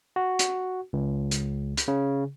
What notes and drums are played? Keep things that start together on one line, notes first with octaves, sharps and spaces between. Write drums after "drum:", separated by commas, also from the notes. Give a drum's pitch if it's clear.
F#4
drum: hi-hat
C#2
drum: hi-hat
drum: hi-hat
C#3